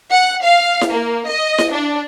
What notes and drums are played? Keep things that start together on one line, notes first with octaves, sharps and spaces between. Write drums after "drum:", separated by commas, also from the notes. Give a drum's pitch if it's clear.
F#5
F5
drum: snare E4
A#3
D#5
drum: snare E4
D4